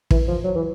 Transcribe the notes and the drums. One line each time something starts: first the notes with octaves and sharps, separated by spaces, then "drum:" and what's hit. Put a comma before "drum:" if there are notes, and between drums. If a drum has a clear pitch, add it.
E3, drum: kick
F3
F#3
E3